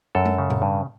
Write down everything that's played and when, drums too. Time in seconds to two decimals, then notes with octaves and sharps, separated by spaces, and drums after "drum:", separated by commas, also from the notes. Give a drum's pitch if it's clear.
0.15 F#2 A4
0.25 drum: tom G#3
0.38 C#3
0.50 drum: tom A2
0.62 G2